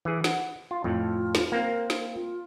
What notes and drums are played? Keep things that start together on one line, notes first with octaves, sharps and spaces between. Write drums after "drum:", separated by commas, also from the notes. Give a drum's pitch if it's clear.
E3 G#4
F#5, drum: snare
F4
F2 A2 F4
drum: snare
A#3 C4 A#4
drum: snare
F4